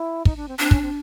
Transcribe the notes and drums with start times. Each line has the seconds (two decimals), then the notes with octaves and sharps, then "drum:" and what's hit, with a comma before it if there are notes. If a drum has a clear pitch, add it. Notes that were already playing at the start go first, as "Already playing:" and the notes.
Already playing: E4
0.25 D#4, drum: kick
0.36 D4
0.48 C4
0.59 C4 D4
0.71 C#4, drum: kick
0.82 C4